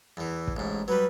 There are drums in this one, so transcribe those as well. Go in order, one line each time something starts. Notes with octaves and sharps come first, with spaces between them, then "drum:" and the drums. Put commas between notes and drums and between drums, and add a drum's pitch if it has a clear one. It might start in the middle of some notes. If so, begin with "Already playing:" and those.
E2 E3
drum: kick
A1 G#2
F#3 G3 B4